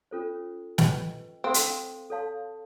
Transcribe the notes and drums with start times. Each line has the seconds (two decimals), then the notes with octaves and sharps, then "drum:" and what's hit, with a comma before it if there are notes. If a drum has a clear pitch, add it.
0.11 C#4 F4 A4 C5
0.78 B4 D#5 G5, drum: snare
1.44 C4 A4 C5 F5
1.54 drum: hi-hat
2.10 A4 C#5 F5 A5 C6